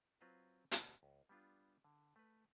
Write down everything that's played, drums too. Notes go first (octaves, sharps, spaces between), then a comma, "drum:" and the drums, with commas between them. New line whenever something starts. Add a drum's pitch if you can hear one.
F#3 C4 F4 B4 C5 F5
D2 B2, drum: hi-hat
C#2
G3 B3 D4 F4
D3
A3 B4